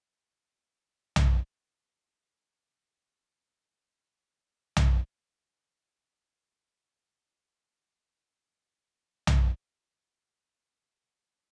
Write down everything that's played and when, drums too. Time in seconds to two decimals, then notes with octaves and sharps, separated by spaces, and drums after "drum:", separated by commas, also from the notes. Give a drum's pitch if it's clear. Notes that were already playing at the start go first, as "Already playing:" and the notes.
0.23 E3
1.16 drum: tom B1
1.83 D#4 G#4 C#5 D5
3.01 F2 E3 G#3 D#4 E4 G#4
3.72 E4
4.28 D#2 B3 C4 A#4 D#5
4.77 drum: tom B1
5.66 C#6
5.85 F#4
6.02 F#4
6.16 G4
6.32 D5
6.49 F#4
6.79 G#5
6.94 F#5
7.14 A#4
7.31 C#5
8.64 F#2 B3 G4 E5
9.27 drum: tom B1
11.14 A3 C#5 D#6 B6